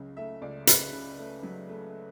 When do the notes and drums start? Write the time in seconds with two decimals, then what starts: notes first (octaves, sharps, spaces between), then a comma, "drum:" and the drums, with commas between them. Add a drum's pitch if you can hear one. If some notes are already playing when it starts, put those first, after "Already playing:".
Already playing: C#2 C#3 F#3
0.17 A3 E5
0.42 C#2 D5
0.67 C#3 B4, drum: hi-hat
0.92 C#3
1.19 A3
1.43 F#3
1.69 A3